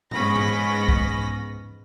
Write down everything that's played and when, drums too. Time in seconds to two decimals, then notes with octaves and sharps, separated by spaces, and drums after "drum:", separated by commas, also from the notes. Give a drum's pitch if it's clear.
0.11 G#2 B3 C#4 B5 A#6, drum: tom A#2
0.36 drum: tom G#2
0.89 drum: kick C2